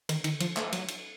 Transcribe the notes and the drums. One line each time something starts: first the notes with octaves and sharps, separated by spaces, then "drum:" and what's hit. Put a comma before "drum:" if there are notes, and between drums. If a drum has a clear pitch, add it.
D#3, drum: cymbal
D#3, drum: cymbal
F3, drum: cymbal
A3, drum: clap
F#3, drum: cymbal
drum: cymbal